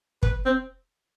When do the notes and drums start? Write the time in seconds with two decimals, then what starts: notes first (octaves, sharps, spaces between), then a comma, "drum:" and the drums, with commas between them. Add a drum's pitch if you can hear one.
0.23 B4, drum: kick
0.45 C4